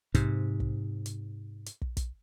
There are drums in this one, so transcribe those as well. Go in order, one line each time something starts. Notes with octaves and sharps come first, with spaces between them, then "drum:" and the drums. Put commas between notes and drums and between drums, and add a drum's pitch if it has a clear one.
G#2 C3, drum: kick, hi-hat
drum: kick
drum: hi-hat
drum: hi-hat
drum: kick
drum: kick, hi-hat